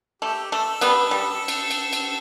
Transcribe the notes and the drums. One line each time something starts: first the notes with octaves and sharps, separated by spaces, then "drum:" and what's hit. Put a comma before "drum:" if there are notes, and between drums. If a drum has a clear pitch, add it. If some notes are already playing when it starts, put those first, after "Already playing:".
A3 G4
A3 A4
G3 B3, drum: cymbal
G3
drum: cymbal
drum: cymbal
drum: cymbal